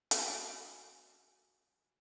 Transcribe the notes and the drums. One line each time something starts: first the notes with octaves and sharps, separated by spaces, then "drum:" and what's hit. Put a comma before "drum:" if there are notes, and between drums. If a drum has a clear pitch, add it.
F4 F#4 G5 G#5 D#6, drum: hi-hat